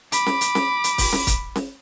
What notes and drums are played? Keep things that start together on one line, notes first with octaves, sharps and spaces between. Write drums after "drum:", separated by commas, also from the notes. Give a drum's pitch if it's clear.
B5 D6, drum: hi-hat
drum: snare C#4
drum: hi-hat
drum: snare C#4
drum: hi-hat
drum: kick, open hi-hat
drum: snare C#4
drum: kick, hi-hat
drum: snare C#4